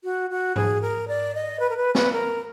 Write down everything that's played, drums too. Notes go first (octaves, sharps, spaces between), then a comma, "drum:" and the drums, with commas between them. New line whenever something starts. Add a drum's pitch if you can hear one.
F#4
F#4
G#4, drum: tom G#2
A#4
D5
D#5
B4
A#4
B4
B4, drum: snare
A#4